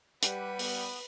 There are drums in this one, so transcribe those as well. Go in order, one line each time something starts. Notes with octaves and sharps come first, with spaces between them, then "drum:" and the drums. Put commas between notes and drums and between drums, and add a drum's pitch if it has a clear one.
G3 B4 F#5, drum: hi-hat
B3, drum: open hi-hat